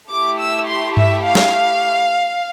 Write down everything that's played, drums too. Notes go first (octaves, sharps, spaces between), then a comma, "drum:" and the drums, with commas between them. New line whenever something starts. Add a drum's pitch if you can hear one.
A3 E4 G4 D6
E6
C6
E5, drum: tom G2
F5
drum: snare